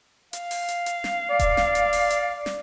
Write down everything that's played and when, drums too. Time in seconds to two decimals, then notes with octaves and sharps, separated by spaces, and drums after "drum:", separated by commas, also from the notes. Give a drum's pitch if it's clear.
0.33 F5, drum: hi-hat
0.51 drum: open hi-hat
0.68 drum: hi-hat
0.86 drum: hi-hat
1.04 drum: snare
1.30 D5
1.39 drum: kick D#1, hi-hat
1.57 drum: snare
1.75 drum: hi-hat
1.93 drum: open hi-hat
2.10 drum: hi-hat
2.46 drum: snare